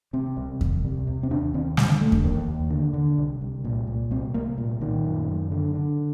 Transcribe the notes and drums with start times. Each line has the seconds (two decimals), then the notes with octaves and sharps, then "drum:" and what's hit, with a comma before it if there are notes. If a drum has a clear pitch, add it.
0.13 C3 C4
0.37 C2
0.61 C2, drum: kick E2
0.84 C3
1.07 C3
1.23 C4
1.30 D#2 D4
1.54 D#2 C4
1.77 D3 G3, drum: snare
2.01 D3 A3
2.12 drum: kick E2
2.24 D#2 A#3
2.47 D#2
2.70 D3
2.94 D3
3.18 C2
3.41 C2
3.65 A#2
3.87 A#2
4.11 C2 C4
4.34 C2 A#3
4.58 A#2
4.81 A#2 D#3
5.04 F#2
5.28 F#2
5.52 D3
5.75 D3